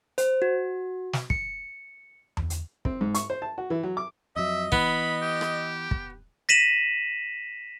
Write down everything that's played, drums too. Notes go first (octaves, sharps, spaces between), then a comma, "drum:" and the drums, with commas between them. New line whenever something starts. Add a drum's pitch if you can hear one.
C5, drum: hi-hat
F#4
drum: snare
C#7, drum: kick
drum: tom E2
drum: hi-hat
C4, drum: kick
G#2
C#6, drum: hi-hat
C5
A5
F#4
E3
F#3
D6
F2 F#3 D#5 E5
E3 B3 B5, drum: kick
G4
drum: rim click
drum: kick
A#6 B6 D#7 E7 F#7